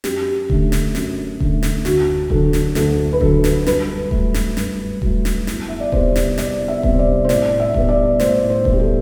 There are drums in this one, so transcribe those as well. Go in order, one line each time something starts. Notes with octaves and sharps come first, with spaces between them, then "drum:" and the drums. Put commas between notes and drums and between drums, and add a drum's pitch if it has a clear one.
F#2 G4, drum: snare
D3 A3, drum: kick D#1
drum: snare
F#2, drum: snare
D3 A3, drum: kick D#1
drum: snare
D2 F#4, drum: snare
D3 F#3 A4, drum: kick D#1
drum: snare
D2 A4, drum: snare
B4
D3 F#3 A4, drum: kick D#1
drum: snare
G2 B4, drum: snare
F#3 A3, drum: kick D#1
drum: snare
G2, drum: snare
F#3 A3, drum: kick D#1
drum: snare
E2, drum: snare
E5
D5
C3 G3 B3 C5, drum: kick D#1
drum: snare
E2 D5, drum: snare
E5
C3 G3 B3, drum: kick D#1
C5
D5
C5
A2 D5, drum: snare
E5
G3 B3, drum: kick D#1
D5
A2 C5, drum: snare
C5
G3 B3, drum: kick D#1
G4
A4